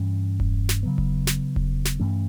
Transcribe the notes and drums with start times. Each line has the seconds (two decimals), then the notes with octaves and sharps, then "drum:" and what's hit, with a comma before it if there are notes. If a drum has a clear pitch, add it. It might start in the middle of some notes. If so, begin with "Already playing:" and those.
Already playing: G2 E3 G3 C#4
0.40 drum: kick E1
0.69 drum: snare
0.83 C#3 F#3 B3
0.98 drum: kick E1
1.27 drum: snare
1.56 drum: kick E1
1.85 drum: snare
2.00 G2 E3 A3 C#4